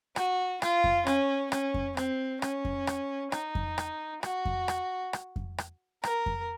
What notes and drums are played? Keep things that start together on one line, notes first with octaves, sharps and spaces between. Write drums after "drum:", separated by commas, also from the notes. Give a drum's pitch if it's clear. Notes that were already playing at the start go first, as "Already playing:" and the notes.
F#4, drum: rim click
F4, drum: rim click
drum: kick F2
C#4, drum: rim click
C#4, drum: rim click
drum: kick F2
C4, drum: rim click
C#4, drum: rim click
drum: kick F2
drum: rim click
D#4, drum: rim click
drum: kick F2
drum: rim click
F#4, drum: rim click
drum: kick F2
drum: rim click
drum: rim click
drum: kick F2
drum: rim click
A#4, drum: rim click
drum: kick F2